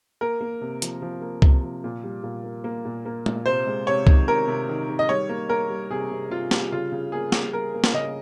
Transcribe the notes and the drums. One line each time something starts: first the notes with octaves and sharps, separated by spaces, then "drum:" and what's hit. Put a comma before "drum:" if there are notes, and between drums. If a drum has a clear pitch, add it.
A#3 A#4
A#3
C3
F3, drum: hi-hat
F3
A#3
C3, drum: kick C2
F3
A#2
G3
A#2
A#3
A#3
A#2
A#3
A#2, drum: tom G#3
C3 C5
G#3
C3 C#5
D#3, drum: kick C2
C3 A#4
C3
D#3
D#3
D#5
G3 C#5
A#3
A#3 A#4
G3
C3 G#4
C3
C3 F4
G3, drum: snare
C#3 F4
C#3
A#3 G#4
G3, drum: snare
G3 A#4
A#3
drum: snare
C#3 D#5